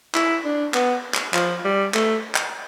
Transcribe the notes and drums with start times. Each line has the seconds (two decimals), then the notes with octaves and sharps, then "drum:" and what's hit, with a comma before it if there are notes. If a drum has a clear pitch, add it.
0.15 E4, drum: clap
0.45 D4
0.74 B3, drum: clap
1.14 drum: clap
1.34 F3, drum: clap
1.65 G3
1.94 A3, drum: clap
2.35 drum: clap